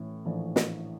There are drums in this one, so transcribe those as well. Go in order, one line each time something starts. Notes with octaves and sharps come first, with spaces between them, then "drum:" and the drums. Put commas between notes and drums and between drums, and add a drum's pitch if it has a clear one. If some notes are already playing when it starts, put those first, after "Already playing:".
Already playing: A2 E3 C#4
A#1 A2 E3
drum: snare